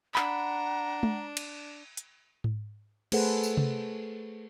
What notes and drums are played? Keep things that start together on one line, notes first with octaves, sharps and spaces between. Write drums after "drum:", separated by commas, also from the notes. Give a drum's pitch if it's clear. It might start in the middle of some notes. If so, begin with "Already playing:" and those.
D4 F#5 A#5 B5, drum: clap
drum: tom G#3
drum: cymbal
drum: hi-hat
drum: tom G#2
A3 G#4 A4 B4 C5 F#5, drum: cymbal
drum: tambourine
drum: tom C3